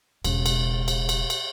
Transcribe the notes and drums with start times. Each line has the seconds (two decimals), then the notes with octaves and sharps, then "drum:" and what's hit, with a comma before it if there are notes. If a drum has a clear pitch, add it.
0.25 E1 C#3, drum: cymbal
0.46 drum: cymbal
0.88 drum: cymbal
1.09 drum: cymbal
1.30 drum: cymbal